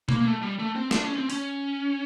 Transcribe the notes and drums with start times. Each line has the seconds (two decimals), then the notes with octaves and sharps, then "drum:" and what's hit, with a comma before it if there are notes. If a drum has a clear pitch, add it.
0.09 A#3, drum: tom B2
0.21 A#3
0.25 A3
0.42 G3
0.59 A3
0.76 C4
0.91 D4, drum: snare
1.05 C#4
1.17 C4
1.30 C#4, drum: open hi-hat